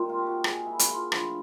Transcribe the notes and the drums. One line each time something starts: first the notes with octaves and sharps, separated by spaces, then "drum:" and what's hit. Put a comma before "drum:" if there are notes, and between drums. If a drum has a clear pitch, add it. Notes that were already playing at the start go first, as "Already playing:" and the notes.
Already playing: A#2 G3 C4 D#4
F4
G4
F#4
G#4, drum: rim click
E4
F#4, drum: hi-hat
F4
D3 F3 A3 D4 B4, drum: rim click